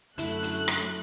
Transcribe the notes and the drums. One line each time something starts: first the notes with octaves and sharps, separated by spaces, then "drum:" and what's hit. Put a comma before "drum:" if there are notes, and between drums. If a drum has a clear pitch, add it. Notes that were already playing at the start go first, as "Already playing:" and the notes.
F#2 D3 A3 E4 F#6, drum: hi-hat
drum: hi-hat
drum: rim click